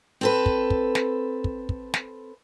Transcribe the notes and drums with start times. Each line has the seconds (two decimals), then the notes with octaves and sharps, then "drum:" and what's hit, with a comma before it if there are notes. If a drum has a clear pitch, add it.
0.21 C4 A4 B4
0.46 drum: kick
0.70 drum: kick
0.95 drum: snare
1.44 drum: kick
1.69 drum: kick
1.94 drum: snare